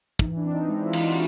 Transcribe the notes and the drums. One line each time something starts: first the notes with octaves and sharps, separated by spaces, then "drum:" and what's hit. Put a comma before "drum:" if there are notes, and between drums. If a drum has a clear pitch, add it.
E3 D#4, drum: kick
D4
C4
D#4
G#3 E4
F4
E3, drum: cymbal
F#4